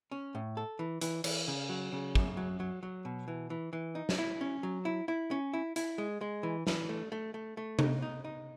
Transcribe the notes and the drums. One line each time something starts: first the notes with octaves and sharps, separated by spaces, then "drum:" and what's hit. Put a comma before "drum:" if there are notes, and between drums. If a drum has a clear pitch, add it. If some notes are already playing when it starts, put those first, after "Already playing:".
C#4
A2
A4
E3
E3, drum: hi-hat
E3, drum: cymbal
C#3
F#3
C#3
F#2, drum: kick
F#3
F#3
F#3
B2
E3
E3
E3
D#4
drum: snare
E4
C#4
F#3
E4
E4
C#4
E4
E4, drum: hi-hat
G#3
G#3
E3
E3, drum: snare
A3
A3
A3
A3
D#4, drum: tom C3
D#4
D#4